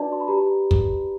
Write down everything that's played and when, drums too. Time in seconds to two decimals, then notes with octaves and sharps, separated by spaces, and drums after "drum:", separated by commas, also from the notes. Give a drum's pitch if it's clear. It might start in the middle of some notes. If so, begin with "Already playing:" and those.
Already playing: D4 F#4 B4 D5 A5
0.12 C6
0.20 B5
0.28 G4 B4 D5 A#5
0.37 B5
0.71 drum: kick